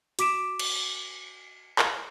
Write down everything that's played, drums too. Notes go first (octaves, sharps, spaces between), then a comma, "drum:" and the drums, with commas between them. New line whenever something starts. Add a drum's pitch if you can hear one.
F#4 D6 B6 D7 E7, drum: hi-hat
drum: cymbal
drum: clap